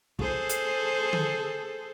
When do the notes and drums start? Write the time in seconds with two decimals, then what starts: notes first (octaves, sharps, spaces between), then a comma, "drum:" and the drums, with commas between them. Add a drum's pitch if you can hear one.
0.19 G#4 A4 C5, drum: kick
0.49 drum: hi-hat
1.13 drum: tom D3